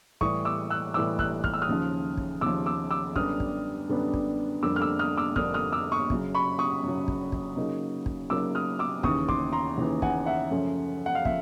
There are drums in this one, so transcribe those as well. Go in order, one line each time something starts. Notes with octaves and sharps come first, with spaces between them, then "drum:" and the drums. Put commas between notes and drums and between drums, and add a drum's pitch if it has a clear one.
A2 E3 G3 C#6 D#6, drum: kick
D6 E6
E6 F#6
A2 E3 G3 D6 E6
E6 F#6, drum: kick
F6, drum: kick
E6
D#6 F6
D#2 C#3 F3
drum: kick
D#2 C#3 F3 D6 E6
D6 E6
D6 E6
F#2 D3 G3 B3 D4 D#6 F6, drum: kick
drum: kick
F#2 D3 G3 B3 D4
drum: kick
F2 D3 G3 A#3 D4 D6 E6
F6
D6 E6
D#6 F6
D6 E6
F2 D3 G3 A#3 D4 D#6 F6, drum: kick
D#6 F6
D6 E6
C#6 D#6
F#2 C#3 F#3, drum: kick
B5 C#6
C#6 D#6
F#2 C#3 F#3
drum: kick
drum: kick
C#3 F#3 A#3 D#4
drum: kick
C#3 F#3 A#3 D#4 D6 E6
D#6 F6
D6 E6
D#2 C#3 E3 C#6 D#6, drum: kick
C6 D6, drum: kick
A#5 C6
D#2 C#3 E3
F#5 G#5, drum: kick
E5 F#5
F#2 C#3 F3 A3 C#4
F#5
F5
C#3 F3 E5, drum: kick